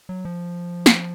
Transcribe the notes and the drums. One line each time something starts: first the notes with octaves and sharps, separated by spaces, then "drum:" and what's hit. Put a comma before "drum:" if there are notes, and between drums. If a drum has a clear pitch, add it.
F#3
F3
drum: snare